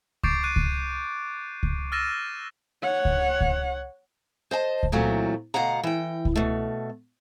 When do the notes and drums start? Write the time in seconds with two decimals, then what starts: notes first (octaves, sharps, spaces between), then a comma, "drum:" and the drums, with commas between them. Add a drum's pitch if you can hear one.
0.23 C#6 D6 G6 A6 C7 D7, drum: kick C#2
0.43 C#6 F#6 D#7
0.56 drum: kick C#2
1.63 drum: kick C#2
1.92 E6 F6 A6 A#6 D#7 E7
2.83 C#5 F#5
3.05 drum: kick C#2
3.41 drum: kick C#2
4.51 C5 D#5 G#5 A5
4.83 drum: kick C#2
4.92 E2 A#2 F#3 A3 C4
5.54 D2 B2 F5 F#5 A#5
5.83 E3 G5
6.25 drum: kick C#2
6.36 B2 A3